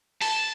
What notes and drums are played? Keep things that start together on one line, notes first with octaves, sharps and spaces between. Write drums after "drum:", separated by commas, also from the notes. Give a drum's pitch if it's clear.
A5, drum: open hi-hat